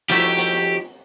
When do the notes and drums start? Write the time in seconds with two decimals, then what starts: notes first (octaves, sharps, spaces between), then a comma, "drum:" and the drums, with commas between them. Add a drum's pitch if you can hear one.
0.09 F3 G3 A3 D#4 E4 F#4 G4, drum: hi-hat
0.38 drum: hi-hat